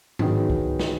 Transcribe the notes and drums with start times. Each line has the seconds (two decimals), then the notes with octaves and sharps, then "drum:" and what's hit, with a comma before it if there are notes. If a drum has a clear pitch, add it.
0.19 D#3 F#3 B3 D#4 G#4, drum: tom G#2
0.50 drum: kick C2
0.79 drum: snare